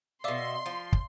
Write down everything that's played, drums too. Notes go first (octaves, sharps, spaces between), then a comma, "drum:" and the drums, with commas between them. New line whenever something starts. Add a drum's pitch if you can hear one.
B2 D5 E5 F5 C6 D6
F3
drum: kick